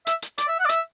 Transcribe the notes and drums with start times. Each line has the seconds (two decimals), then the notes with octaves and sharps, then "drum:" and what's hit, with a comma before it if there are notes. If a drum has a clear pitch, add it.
0.07 E5, drum: hi-hat
0.22 drum: hi-hat
0.38 D5, drum: hi-hat
0.48 E5
0.59 F#5
0.65 D5
0.69 E5, drum: hi-hat